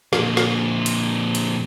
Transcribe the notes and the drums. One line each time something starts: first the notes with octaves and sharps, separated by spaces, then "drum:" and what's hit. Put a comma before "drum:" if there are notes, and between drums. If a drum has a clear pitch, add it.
F2 A#2, drum: snare
drum: snare
drum: hi-hat
drum: hi-hat